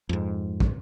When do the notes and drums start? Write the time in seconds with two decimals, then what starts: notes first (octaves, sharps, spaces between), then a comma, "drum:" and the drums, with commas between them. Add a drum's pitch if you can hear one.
0.09 F2 G#2
0.60 drum: kick